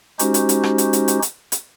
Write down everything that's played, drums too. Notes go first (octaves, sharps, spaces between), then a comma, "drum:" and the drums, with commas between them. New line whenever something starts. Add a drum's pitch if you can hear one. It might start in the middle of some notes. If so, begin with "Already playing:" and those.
G#3 C#4 D#4 F#4 G4 C5, drum: hi-hat
drum: hi-hat
drum: hi-hat
drum: rim click
drum: hi-hat
drum: hi-hat
drum: hi-hat
drum: hi-hat
drum: hi-hat